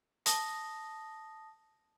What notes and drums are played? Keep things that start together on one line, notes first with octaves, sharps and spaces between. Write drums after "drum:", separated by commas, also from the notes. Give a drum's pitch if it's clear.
A5 D#6 A#6, drum: hi-hat